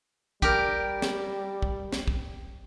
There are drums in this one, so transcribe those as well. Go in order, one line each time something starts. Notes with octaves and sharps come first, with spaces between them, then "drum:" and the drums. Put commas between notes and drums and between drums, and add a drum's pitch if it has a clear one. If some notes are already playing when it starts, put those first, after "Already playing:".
G3 G4 A#4, drum: kick
drum: snare
drum: kick
drum: snare
drum: kick